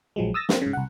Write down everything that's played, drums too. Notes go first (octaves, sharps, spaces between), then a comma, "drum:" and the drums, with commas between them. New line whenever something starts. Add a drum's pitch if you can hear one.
A#1 F3 F#3 G#3
D#6 E6 A6 A#6
A#3 C4, drum: snare
G#2 C#3
C2 F#5